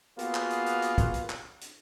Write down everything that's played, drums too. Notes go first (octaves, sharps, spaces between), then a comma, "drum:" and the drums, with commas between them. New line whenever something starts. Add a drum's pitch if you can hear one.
A#3 B3 F4 F#4 G#4, drum: hi-hat
drum: clap
drum: hi-hat
drum: hi-hat
drum: hi-hat
drum: kick, hi-hat
drum: hi-hat
drum: clap
drum: hi-hat